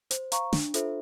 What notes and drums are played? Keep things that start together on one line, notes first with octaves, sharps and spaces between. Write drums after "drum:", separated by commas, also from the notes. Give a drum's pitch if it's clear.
C5, drum: hi-hat
F5 A#5 C#6, drum: hi-hat
D4, drum: snare
F4 A4 C5 E5, drum: hi-hat